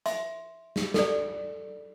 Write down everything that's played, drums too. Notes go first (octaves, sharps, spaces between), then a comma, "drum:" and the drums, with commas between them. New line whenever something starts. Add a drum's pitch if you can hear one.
E5 C6, drum: hi-hat
drum: snare
A4 D5, drum: snare